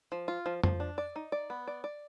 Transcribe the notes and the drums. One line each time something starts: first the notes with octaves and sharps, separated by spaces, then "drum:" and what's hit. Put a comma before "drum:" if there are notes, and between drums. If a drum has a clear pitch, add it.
F3
F4
F3
F3, drum: tom F2
D4
D5
D#4
D5
B3
D5
D5